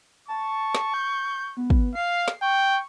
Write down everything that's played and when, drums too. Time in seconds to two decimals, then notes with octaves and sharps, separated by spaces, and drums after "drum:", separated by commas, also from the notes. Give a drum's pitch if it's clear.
0.28 A5 C#6
0.75 drum: snare
0.94 G6
1.57 B3
1.70 drum: kick
1.95 F5 C7
2.28 drum: snare
2.42 G5 C#6